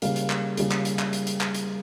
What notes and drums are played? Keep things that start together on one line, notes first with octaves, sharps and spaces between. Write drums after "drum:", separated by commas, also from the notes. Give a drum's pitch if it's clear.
C#3 G3 A#3 F5, drum: hi-hat
drum: hi-hat
drum: clap
C#3 G3 A#3, drum: hi-hat
drum: clap
drum: hi-hat
drum: clap
drum: hi-hat
drum: hi-hat
drum: clap
drum: hi-hat